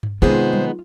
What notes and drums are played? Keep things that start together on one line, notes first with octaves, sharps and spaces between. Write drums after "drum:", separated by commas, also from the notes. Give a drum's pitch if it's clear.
drum: tom G2
C3 D#3 G#3 B3 F4 G#4 C5
drum: tom F#3